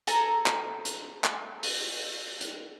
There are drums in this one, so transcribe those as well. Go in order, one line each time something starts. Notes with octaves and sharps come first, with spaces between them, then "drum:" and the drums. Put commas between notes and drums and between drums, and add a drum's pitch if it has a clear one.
A4 G#5 A#5, drum: hi-hat
drum: clap
drum: hi-hat
drum: clap
drum: open hi-hat
drum: hi-hat